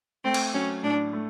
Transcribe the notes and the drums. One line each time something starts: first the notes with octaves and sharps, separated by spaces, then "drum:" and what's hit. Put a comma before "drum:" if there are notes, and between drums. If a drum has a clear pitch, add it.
A3 C4
drum: cymbal
F#3 C#4
A2 D4
A3